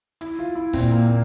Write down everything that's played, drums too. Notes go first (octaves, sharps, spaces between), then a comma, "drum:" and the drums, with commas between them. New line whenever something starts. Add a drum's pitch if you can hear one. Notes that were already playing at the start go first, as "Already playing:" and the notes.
E4, drum: hi-hat
F4
E4
A#2 C4, drum: kick, open hi-hat
A#3
A#3